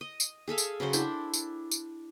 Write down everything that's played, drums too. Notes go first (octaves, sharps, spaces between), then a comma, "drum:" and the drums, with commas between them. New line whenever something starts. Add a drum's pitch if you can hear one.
D#5
drum: tambourine
G#4 A4 E5 F5
drum: tambourine
C#3 F#3 F#4 C5
D4 E4 G5, drum: tambourine
drum: tambourine
drum: tambourine